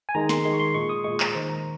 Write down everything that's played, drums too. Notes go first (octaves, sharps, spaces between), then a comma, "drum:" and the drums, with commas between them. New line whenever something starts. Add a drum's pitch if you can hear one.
G#5
D#3 G#3 A#5
C6, drum: snare
D#3 G#3 C6
C#6
C6
A#2 G#3 C#6
D#6
A#2 G#3 C#6
A#5, drum: clap
D#3 A#3 C5
A#5